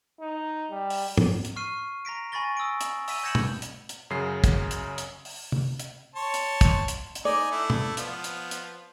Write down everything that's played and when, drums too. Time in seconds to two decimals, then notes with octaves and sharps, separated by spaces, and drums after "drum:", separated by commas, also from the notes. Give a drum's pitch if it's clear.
0.20 D#4
0.71 G3
0.90 drum: open hi-hat
1.18 drum: tom
1.45 drum: hi-hat
1.56 C#6 F6 C7 D#7
2.05 A#5 A#6 B6 D7
2.32 G#5 B5 C#6 A6 A#6 G7
2.57 D#6 E6 A#6 D7
2.81 drum: hi-hat
3.08 E6 B6 D#7, drum: open hi-hat
3.24 G6 G#6 A#6 C#7 E7 F#7
3.35 drum: tom
3.62 drum: hi-hat
3.89 drum: hi-hat
4.10 F#2 C#3 F#3 C7
4.44 drum: kick, hi-hat
4.71 drum: hi-hat
4.98 drum: hi-hat
5.25 drum: open hi-hat
5.52 drum: tom
5.80 drum: hi-hat
6.15 C#5 A5 C6
6.34 drum: hi-hat
6.61 drum: kick, hi-hat
6.88 drum: hi-hat
7.15 drum: hi-hat
7.25 D#4 D5 G#5
7.51 A3 D4 E4
7.70 drum: tom
7.97 F3 B3 F4, drum: hi-hat
8.24 drum: hi-hat
8.51 drum: hi-hat